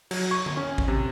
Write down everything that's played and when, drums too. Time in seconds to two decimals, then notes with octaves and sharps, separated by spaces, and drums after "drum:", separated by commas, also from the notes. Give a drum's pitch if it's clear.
0.11 F#3, drum: cymbal
0.31 C#6
0.46 drum: tom D3
0.57 C#4
0.78 drum: kick A1
0.88 C3